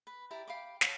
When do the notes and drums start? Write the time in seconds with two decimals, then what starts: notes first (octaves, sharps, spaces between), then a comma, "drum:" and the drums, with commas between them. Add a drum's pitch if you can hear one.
0.07 B4
0.31 E4 G4 D5 A#5
0.48 F5 G5 B5 D6
0.81 C#5 F5 F#5 A5, drum: snare